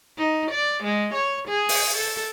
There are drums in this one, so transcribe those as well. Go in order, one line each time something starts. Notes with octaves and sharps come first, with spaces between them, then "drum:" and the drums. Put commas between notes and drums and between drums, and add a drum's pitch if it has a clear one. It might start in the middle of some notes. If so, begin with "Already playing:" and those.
D#4
D5
G#3
C#5
G#4
drum: open hi-hat
A4